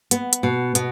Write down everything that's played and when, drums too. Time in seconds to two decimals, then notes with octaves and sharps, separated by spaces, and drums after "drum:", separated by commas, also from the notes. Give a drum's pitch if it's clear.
0.11 B3, drum: hi-hat
0.33 drum: hi-hat
0.43 B2
0.75 B2, drum: hi-hat